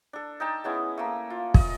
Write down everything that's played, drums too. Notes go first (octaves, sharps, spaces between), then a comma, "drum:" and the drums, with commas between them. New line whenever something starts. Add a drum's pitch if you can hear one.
D4 A4
D#4 G5 A5
G#3 B3 C#4 E4
A3 A#3
F4
D#5, drum: kick